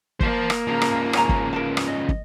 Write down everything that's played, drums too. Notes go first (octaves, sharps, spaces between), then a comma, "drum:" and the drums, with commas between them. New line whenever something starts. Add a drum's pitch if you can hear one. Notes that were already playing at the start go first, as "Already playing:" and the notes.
A#3 C5 A5, drum: kick
drum: rim click
C#3 F3 G#4 A#5
drum: rim click
C#4 G#5 A#5, drum: rim click
drum: kick
A#4 B4 A5
drum: rim click
D#5
drum: kick